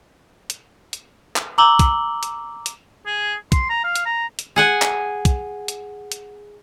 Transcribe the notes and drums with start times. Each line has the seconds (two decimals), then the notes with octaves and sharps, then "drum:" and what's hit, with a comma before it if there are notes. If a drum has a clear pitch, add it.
0.50 drum: hi-hat
0.93 drum: hi-hat
1.36 drum: clap
1.58 A#5 D6 E6 F#7 G7
1.79 drum: kick, hi-hat
2.23 drum: hi-hat
2.66 drum: hi-hat
3.06 G#4
3.52 C6, drum: kick, hi-hat
3.69 A#5
3.84 F5
3.96 drum: hi-hat
4.06 A#5
4.39 drum: hi-hat
4.56 G#4 F#5 G#5
4.82 drum: clap
5.25 drum: kick, hi-hat
5.68 drum: hi-hat
6.12 drum: hi-hat